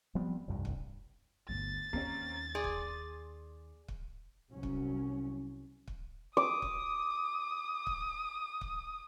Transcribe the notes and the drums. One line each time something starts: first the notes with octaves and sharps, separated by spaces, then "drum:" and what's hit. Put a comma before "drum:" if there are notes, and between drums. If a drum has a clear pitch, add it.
F3 G3 B3 C4
F1 C2 G2
drum: kick
G1 D2 A6
D#2 A#3 C4 C#4
G#4 D5 C6
drum: kick
drum: kick
C2 F#3 C#4
drum: kick
drum: kick
D6 D#6
drum: kick
drum: kick
drum: kick